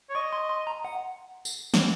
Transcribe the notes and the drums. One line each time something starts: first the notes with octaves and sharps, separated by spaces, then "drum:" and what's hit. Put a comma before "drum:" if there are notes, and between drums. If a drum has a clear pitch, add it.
C#5
D#5 C#6
C6
C6
A#5
F#5
drum: tambourine
drum: snare